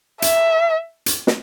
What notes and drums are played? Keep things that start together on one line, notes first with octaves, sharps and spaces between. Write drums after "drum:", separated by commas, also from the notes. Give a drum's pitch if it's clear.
E5, drum: hi-hat
drum: hi-hat
drum: snare